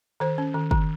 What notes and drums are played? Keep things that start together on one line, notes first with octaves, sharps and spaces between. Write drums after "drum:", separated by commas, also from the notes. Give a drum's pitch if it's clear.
D#3 C5
C#4
D#3
D#3, drum: kick